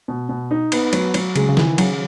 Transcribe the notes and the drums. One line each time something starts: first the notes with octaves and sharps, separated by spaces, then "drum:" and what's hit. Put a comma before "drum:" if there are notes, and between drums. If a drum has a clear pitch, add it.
B2
B2
D#4
B3, drum: cymbal
F#3, drum: cymbal
F#3, drum: cymbal
C#3 G#3, drum: cymbal
C#3
D#3 E3, drum: snare
C#3 F#3, drum: cymbal